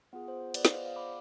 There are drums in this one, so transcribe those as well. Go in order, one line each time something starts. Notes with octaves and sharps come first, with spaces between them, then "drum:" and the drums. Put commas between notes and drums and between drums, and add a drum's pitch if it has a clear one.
B3 F4 G#4
C5
B4 D5, drum: cymbal
C5 D#5, drum: snare
F5
C5 D#5
D5 F5
B5 D6